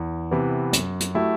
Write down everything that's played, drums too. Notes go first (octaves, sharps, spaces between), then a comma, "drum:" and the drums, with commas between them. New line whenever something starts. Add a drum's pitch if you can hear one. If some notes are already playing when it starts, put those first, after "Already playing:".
Already playing: E2
C3 E3 B3
F#2, drum: hi-hat
drum: hi-hat
F#3 A3 E4 G4